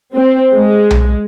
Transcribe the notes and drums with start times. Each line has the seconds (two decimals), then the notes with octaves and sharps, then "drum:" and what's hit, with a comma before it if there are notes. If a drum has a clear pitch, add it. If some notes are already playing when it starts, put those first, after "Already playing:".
0.15 C4
0.55 G#3
0.90 drum: tom B1